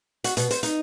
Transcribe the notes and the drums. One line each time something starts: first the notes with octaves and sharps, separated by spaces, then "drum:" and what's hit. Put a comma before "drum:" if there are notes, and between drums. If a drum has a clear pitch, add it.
F#4, drum: hi-hat
B2, drum: hi-hat
C5, drum: hi-hat
D#4, drum: hi-hat